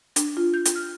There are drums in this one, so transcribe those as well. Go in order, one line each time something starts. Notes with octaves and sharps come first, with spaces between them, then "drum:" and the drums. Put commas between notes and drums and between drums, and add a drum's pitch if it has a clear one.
D4, drum: hi-hat
F4
G6
drum: hi-hat
F6